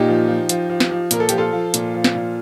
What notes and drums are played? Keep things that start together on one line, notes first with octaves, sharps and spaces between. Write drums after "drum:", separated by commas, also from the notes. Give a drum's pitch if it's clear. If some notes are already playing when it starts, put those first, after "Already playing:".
Already playing: A#2 D#4 G4
F3
F3
F3, drum: hi-hat
F3
drum: snare
F3
A#2 A#4, drum: hi-hat
A4
F3 G4, drum: hi-hat
F4 A4
F3
A#2, drum: hi-hat
F3
drum: snare
A#2